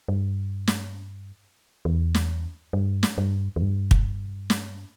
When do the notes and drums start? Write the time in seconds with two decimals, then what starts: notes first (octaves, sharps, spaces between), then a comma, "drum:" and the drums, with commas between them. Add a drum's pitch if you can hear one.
0.08 G2
0.67 drum: snare
1.85 E2
2.15 drum: snare
2.73 G2
3.03 drum: snare
3.18 G2
3.56 E2
3.62 G2
3.91 drum: kick
4.50 drum: snare